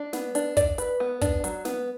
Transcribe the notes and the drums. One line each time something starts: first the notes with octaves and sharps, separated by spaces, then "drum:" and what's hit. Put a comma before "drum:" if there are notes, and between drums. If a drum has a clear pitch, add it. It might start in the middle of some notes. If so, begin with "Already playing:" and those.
Already playing: D4
B3, drum: snare
D4, drum: hi-hat
D5, drum: kick, hi-hat
B4, drum: hi-hat
B3
D4, drum: kick, hi-hat
F#3, drum: hi-hat
B3, drum: snare